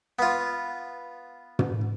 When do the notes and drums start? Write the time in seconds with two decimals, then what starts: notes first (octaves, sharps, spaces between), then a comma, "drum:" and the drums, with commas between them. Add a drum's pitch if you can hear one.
0.19 B3 F4
1.59 drum: tom